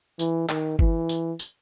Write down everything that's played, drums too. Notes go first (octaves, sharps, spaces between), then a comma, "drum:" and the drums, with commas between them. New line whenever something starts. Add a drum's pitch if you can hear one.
E3, drum: tambourine
D#3, drum: clap
E3, drum: kick G1
drum: tambourine
drum: tambourine